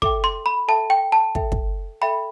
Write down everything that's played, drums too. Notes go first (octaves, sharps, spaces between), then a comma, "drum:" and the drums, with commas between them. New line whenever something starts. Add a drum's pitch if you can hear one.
A4 E5 G5 D6, drum: kick
C6
B5
A4 E5 G5 A5
G5
A5
A4 E5 G5, drum: kick
drum: kick
A4 E5 G5 B5